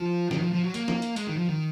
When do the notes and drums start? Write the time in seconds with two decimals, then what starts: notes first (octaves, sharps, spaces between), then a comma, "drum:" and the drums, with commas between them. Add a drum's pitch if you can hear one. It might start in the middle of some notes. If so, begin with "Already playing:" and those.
Already playing: F3
0.31 D#3, drum: snare
0.42 F3
0.52 F3
0.63 F#3
0.74 A#3, drum: hi-hat
0.88 drum: snare
1.02 drum: hi-hat
1.16 G#3, drum: hi-hat
1.27 D#3
1.37 F3
1.49 D#3